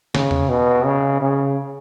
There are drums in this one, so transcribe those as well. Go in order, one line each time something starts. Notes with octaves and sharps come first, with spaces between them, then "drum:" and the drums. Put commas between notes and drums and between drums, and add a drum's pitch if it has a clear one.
C#3, drum: snare
drum: tom E2
B2
C#3
C#3